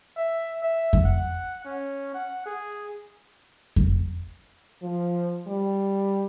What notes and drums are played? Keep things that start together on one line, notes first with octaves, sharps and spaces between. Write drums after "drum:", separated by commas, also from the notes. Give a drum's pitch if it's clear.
E5
E5
drum: kick F2
F#5
C#4
F#5
G#4
drum: kick F2
F3
G3